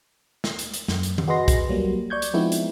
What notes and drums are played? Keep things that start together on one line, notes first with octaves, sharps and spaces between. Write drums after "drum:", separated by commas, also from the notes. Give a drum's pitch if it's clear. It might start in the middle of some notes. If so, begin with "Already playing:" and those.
drum: snare
drum: hi-hat
drum: hi-hat
F#2, drum: snare
drum: hi-hat
drum: tom D#3
F#4 G#4 B4 D#5 C6 A#6
drum: kick B1, hi-hat
F#3 G3 A#3
D5 C#6 G6 G#6
drum: hi-hat
F3 G#3 B3 C4 D#4 E4
drum: hi-hat